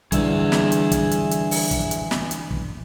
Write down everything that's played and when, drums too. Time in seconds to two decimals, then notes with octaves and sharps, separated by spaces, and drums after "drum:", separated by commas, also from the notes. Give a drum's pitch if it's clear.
0.12 G2 D3 E3 G#4 E5, drum: kick, hi-hat
0.52 drum: snare
0.72 drum: hi-hat
0.92 drum: kick, hi-hat
1.11 drum: hi-hat
1.31 drum: hi-hat
1.51 drum: open hi-hat
1.71 drum: kick, hi-hat
1.91 drum: hi-hat
2.11 drum: snare
2.31 drum: hi-hat
2.51 drum: kick